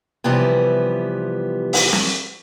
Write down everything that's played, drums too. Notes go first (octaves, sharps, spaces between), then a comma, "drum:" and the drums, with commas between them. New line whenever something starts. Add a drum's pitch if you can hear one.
C3 E3 F3 G3 B3
drum: open hi-hat
drum: snare